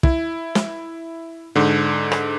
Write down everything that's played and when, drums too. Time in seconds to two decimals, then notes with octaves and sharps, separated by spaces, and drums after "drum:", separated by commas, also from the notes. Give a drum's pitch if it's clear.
0.03 E4, drum: kick
0.55 drum: snare
1.56 G#2 D3
2.12 drum: rim click